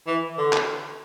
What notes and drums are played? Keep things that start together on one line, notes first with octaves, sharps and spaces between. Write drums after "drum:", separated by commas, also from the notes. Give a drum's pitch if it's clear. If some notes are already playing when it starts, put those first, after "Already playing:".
E3
D3
drum: clap